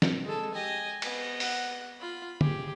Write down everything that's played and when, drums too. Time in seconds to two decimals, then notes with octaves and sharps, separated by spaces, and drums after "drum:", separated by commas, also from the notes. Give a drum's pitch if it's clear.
0.02 drum: snare
0.25 G#3 A4
0.54 G4 D#5 G#5
1.02 B3 D#5, drum: cymbal
1.40 F#5, drum: open hi-hat
2.00 F4 B5
2.41 G4 G#4, drum: tom